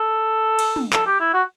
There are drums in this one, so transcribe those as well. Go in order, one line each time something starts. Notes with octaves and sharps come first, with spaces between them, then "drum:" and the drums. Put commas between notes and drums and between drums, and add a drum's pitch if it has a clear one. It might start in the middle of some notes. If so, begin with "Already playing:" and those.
Already playing: A4
drum: cymbal
drum: tom
A4, drum: clap
G4
E4
F#4